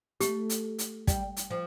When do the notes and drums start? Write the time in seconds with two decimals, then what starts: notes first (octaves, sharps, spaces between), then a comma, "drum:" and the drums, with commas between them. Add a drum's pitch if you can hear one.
0.20 A3 G4, drum: hi-hat
0.50 drum: hi-hat
0.79 drum: hi-hat
1.07 G3, drum: kick, hi-hat
1.37 drum: hi-hat
1.51 F3